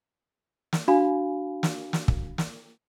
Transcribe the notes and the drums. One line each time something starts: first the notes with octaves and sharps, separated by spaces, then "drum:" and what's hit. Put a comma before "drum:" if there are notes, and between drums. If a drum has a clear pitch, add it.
drum: snare
D4 F#4 F5 G#5 B5
drum: snare
drum: snare
drum: kick
drum: snare